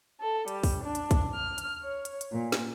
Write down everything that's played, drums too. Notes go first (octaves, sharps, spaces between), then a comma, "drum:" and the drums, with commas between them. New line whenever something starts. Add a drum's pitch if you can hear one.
A4
G3, drum: hi-hat
drum: kick, open hi-hat
D4
drum: hi-hat
drum: kick, hi-hat
F6
drum: hi-hat
C#5
drum: hi-hat
drum: hi-hat
A#2
drum: snare